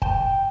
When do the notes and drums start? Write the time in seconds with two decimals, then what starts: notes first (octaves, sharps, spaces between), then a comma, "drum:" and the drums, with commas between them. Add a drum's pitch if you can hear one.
0.02 G5, drum: kick